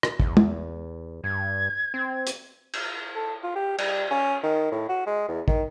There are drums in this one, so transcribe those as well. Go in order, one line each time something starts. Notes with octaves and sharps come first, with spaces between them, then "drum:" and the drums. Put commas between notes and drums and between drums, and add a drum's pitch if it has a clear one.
drum: rim click
E2, drum: kick
drum: tom
G2 G#6
C4
drum: hi-hat
drum: cymbal
A4
F4
G4
G3, drum: cymbal
C#4
D#3
A2
F#4
G#3
E2
D#3, drum: kick